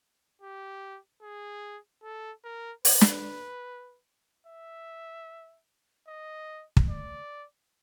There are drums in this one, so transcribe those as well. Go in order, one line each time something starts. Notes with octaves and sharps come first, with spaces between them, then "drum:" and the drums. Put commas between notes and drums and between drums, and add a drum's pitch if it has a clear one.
G4
G#4
A4
A#4
B4, drum: open hi-hat
drum: snare
E5
D#5
drum: kick
D5